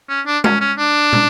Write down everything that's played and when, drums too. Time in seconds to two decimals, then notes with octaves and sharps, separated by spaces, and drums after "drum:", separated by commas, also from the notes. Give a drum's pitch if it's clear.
0.09 C#4
0.26 D4
0.44 C#4, drum: tom G#3
0.60 C#4
0.78 D4
1.13 drum: tom